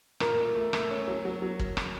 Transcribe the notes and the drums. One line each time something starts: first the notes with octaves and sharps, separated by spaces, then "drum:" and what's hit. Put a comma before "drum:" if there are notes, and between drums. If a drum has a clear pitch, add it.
A#2 A#4, drum: rim click
A3
A3
A3, drum: rim click
C#4
F#3
F#3
F#3
drum: kick
drum: rim click